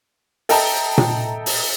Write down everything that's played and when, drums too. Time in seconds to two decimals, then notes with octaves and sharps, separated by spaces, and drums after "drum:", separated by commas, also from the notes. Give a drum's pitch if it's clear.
0.49 A4 D#5 E5 G5 A5 A#5, drum: open hi-hat
0.98 drum: tom A#2
1.46 drum: open hi-hat